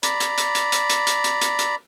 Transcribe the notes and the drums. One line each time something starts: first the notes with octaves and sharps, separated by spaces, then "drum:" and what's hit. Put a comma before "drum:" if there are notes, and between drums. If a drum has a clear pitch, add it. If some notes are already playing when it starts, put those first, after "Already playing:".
D5 A#5 B5, drum: hi-hat
drum: hi-hat
drum: hi-hat
drum: hi-hat
drum: hi-hat
drum: hi-hat
drum: hi-hat
drum: hi-hat
drum: hi-hat
drum: hi-hat